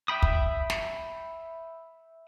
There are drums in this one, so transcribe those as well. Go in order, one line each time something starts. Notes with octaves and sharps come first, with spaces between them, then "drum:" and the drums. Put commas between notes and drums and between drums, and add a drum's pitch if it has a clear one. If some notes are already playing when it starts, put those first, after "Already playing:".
E5 G5 B5 D#6
drum: kick
drum: snare